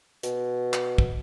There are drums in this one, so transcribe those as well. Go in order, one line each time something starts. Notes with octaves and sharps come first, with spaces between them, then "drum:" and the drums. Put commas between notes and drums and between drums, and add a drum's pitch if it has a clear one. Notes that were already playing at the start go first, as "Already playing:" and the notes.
B2, drum: hi-hat
drum: clap
drum: kick